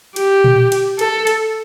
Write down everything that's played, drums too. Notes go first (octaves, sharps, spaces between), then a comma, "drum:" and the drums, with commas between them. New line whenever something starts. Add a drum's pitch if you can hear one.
G4, drum: cymbal
drum: tom A#2
drum: cymbal
A4, drum: cymbal
drum: cymbal